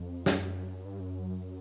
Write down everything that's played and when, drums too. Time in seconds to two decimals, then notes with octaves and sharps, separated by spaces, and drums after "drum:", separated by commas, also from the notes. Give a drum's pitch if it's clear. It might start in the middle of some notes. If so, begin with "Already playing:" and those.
Already playing: F2
0.26 F#2, drum: snare
0.85 G2
1.00 F#2